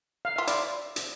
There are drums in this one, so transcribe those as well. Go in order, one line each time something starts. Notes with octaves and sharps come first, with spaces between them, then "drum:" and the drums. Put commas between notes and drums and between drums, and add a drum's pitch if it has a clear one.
F5
F4 E5
E4 D5, drum: hi-hat
drum: hi-hat